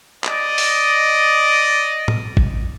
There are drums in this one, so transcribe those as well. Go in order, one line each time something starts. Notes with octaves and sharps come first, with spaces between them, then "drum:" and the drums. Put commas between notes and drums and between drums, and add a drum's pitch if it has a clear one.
D5 D#5, drum: clap
drum: open hi-hat
drum: tom A2
drum: kick